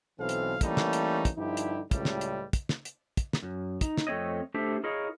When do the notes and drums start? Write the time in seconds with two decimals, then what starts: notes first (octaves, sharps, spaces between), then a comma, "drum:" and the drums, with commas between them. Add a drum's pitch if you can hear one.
0.19 B1 B2 E3 C4 A4 F5
0.29 drum: hi-hat
0.61 E3 G3 A3 A#3 C#4 D#4, drum: kick, hi-hat
0.77 drum: snare
0.93 drum: hi-hat
1.25 drum: kick, hi-hat
1.37 G2 D3 F3 D#4 E4 G4
1.57 drum: hi-hat
1.91 C#2 A2 G3, drum: kick, hi-hat
2.05 drum: snare
2.21 drum: hi-hat
2.53 drum: kick, hi-hat
2.69 drum: snare
2.85 drum: hi-hat
3.17 drum: kick, hi-hat
3.33 drum: snare
3.42 F#2
3.81 D#4, drum: kick, hi-hat
3.97 drum: snare
4.07 F2 A3 C4 C#5 D#5
4.54 A3 D4 G4 A4 C5 E5
4.84 E4 G#4 A#4 C#5 D#5 F5